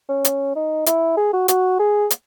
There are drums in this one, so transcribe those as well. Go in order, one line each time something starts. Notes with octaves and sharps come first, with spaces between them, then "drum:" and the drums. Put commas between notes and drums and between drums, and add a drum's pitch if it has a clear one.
C#4
drum: hi-hat
D#4
E4, drum: hi-hat
G#4
F#4
F#4, drum: hi-hat
G#4
drum: hi-hat